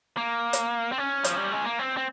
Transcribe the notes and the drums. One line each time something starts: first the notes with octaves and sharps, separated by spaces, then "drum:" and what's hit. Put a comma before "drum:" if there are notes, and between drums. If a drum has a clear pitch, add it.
A#3
drum: hi-hat
C4
C#4
F3, drum: hi-hat
G3
G#3
A#3
C4
C4